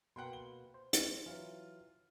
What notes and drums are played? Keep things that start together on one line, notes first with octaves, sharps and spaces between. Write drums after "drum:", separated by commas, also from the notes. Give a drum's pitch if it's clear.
B2 A#3 B4 F#5 G5 C6
G7
C5
drum: hi-hat
E3 F#3 F4